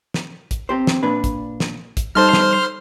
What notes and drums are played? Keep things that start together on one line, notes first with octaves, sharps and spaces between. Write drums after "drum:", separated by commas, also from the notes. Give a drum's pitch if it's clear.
drum: snare
drum: kick, hi-hat
C4 G4 C5
drum: snare
A#2 D4 B4
drum: kick, hi-hat
drum: snare
drum: kick, hi-hat
G3 D#4 A4 C5 C6 F6
drum: snare